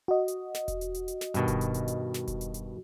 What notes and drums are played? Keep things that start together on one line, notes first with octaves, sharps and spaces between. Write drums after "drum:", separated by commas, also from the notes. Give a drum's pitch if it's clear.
F#4 D#5
drum: hi-hat
drum: snare
drum: kick E1, hi-hat
drum: hi-hat
drum: hi-hat
drum: hi-hat
drum: snare
G2 B2 D#3, drum: hi-hat
drum: kick E1, hi-hat
drum: hi-hat
drum: hi-hat
drum: hi-hat
drum: snare
drum: kick E1, hi-hat
drum: hi-hat
drum: hi-hat